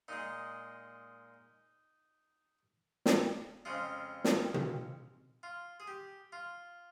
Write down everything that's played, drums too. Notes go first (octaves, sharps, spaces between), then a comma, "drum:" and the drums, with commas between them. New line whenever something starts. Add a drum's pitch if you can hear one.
A#2 G#3 D#4
drum: snare
F2 C#3 G#3 F4
drum: snare
drum: tom
F4
G#4
G4
F4